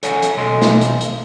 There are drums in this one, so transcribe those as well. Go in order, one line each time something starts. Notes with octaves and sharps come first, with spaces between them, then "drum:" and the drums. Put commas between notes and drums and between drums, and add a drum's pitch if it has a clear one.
A4 C#5 F#5 G#5, drum: hi-hat
drum: hi-hat
B1 A4 D#5 G#5 C6
drum: snare
drum: hi-hat
drum: hi-hat